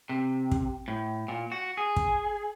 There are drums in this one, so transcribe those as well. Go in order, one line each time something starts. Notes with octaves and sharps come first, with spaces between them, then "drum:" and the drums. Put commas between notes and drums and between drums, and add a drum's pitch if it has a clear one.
C3
drum: kick
A2
A#2
F#4
G#4
drum: kick